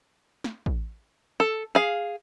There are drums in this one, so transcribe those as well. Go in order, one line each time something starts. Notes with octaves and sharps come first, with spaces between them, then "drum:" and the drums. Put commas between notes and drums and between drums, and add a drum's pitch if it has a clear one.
drum: snare
drum: kick A1
A4
G#4 F5